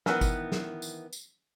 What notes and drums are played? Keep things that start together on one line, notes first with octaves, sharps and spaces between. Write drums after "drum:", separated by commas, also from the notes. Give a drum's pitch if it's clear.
D#3 E3 B3, drum: snare
drum: kick, tambourine
drum: snare
drum: tambourine
drum: tambourine